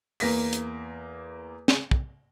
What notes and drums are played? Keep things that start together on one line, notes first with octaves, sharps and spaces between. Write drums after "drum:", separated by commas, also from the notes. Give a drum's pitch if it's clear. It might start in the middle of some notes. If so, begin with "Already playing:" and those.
E2 A#3 A#6 B6, drum: open hi-hat
drum: hi-hat
drum: snare
drum: kick